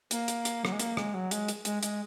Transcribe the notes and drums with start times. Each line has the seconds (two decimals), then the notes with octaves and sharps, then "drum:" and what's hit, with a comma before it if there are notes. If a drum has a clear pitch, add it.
0.11 A#3, drum: hi-hat
0.28 drum: hi-hat
0.45 drum: hi-hat
0.65 F#3, drum: rim click
0.72 G#3
0.80 A#3, drum: hi-hat
0.97 G#3, drum: rim click
1.14 F#3
1.31 G#3, drum: hi-hat
1.48 drum: hi-hat
1.65 G#3, drum: hi-hat
1.83 G#3, drum: hi-hat